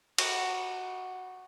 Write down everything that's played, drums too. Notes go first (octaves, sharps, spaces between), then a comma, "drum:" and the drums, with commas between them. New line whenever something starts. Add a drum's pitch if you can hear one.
F#4, drum: cymbal